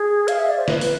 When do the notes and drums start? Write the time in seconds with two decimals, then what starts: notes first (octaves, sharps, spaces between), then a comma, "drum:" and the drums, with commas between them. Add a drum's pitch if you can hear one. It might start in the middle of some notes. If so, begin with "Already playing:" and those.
Already playing: G#4
0.28 F5, drum: hi-hat
0.38 E5
0.48 D5
0.58 C5
0.68 B4, drum: snare
0.81 B4, drum: open hi-hat